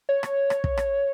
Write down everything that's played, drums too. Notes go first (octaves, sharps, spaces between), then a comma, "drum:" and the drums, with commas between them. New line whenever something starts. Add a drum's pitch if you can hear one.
C#5
drum: rim click
drum: rim click
drum: kick
drum: rim click